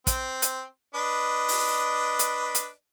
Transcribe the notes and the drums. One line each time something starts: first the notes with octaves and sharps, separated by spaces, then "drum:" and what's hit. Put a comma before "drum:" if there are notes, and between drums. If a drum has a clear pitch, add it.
C4, drum: kick, hi-hat
drum: hi-hat
D4 B4 D#5
drum: open hi-hat
drum: hi-hat
drum: hi-hat